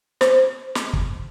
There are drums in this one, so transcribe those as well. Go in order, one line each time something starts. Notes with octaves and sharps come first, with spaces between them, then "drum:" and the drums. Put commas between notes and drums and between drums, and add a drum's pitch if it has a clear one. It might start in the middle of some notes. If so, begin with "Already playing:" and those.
C5, drum: snare
drum: snare
drum: kick